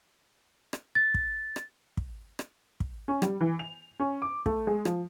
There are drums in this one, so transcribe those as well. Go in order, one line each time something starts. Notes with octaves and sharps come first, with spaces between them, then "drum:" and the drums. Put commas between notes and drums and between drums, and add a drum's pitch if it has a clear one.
drum: rim click
A6
drum: kick
drum: rim click
drum: kick
drum: rim click
drum: kick
C#4
G3, drum: rim click
E3
F7
C#4
D6
A3, drum: kick
G#3
F3, drum: rim click